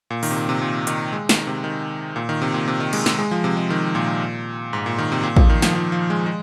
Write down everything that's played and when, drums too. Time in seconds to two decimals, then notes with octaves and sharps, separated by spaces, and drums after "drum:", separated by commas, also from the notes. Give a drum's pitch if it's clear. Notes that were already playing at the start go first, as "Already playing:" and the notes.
0.10 A#2
0.23 D#3, drum: open hi-hat
0.31 C3
0.36 A#2
0.49 C3
0.62 A#2
0.87 D#3, drum: hi-hat
1.13 G#3
1.29 D#3, drum: snare
1.47 C3
1.64 D#3
2.16 A#2
2.29 D#3
2.42 C3
2.54 A#2
2.68 C3
2.80 D#3
2.93 G#3, drum: cymbal
3.06 G#3, drum: snare
3.19 G#3
3.31 F3
3.44 C3
3.57 G#3
3.70 D#3
3.95 A#2
4.73 G#2
4.86 A#2
4.98 D#3
5.12 C3
5.23 A#2
5.36 F3, drum: kick
5.50 D#3
5.62 F3, drum: snare
5.75 F3
5.92 F3
6.10 G#3
6.26 G#3